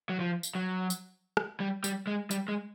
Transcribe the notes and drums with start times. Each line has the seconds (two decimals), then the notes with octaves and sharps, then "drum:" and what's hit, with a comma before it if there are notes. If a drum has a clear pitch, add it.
0.09 F#3
0.20 F3
0.43 drum: tambourine
0.55 F#3
0.90 drum: tambourine
1.37 drum: rim click
1.60 G3
1.84 G3, drum: tambourine
2.07 G#3
2.31 G3, drum: tambourine
2.48 G#3